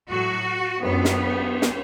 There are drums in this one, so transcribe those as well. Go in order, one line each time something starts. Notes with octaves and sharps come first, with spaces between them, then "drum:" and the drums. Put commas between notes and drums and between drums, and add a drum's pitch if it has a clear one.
A2 F#3 F#4
F#2 F#3 B3, drum: cymbal
drum: snare
drum: snare